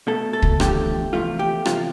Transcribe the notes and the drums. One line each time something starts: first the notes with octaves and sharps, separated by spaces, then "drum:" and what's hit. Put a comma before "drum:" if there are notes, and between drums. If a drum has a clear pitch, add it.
B2 A3 A4
A4
drum: kick
E2 D3 F3 A3 G4, drum: rim click
E2 C3 F3 A3 F4
G4
E2 C3 F3 F4, drum: rim click